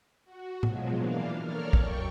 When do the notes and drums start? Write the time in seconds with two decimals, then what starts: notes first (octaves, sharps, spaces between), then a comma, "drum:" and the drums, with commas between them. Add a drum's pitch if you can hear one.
0.25 F#4
0.63 B2 F3 F#3 G#3, drum: tom A2
0.96 E3 A#3 D4 F5
1.43 A4 A#4 C#5 D5 F6
1.73 F#2 G5 C#6, drum: kick